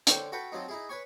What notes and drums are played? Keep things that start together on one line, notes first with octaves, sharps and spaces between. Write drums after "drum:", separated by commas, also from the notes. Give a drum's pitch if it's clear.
D3 C5 C#5 G5, drum: hi-hat
F#4 A4 B4 F#5 G5
F3 F#3 C4 D#4
D#4 E4 G#4
B4 C#5 G#5 C#6